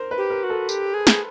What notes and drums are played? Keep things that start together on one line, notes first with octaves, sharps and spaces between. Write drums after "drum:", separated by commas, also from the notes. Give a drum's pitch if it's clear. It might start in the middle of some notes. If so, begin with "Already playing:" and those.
Already playing: A#4 C5
B4
G4
A#4
F#4
A4
G4, drum: tambourine
G#4
drum: snare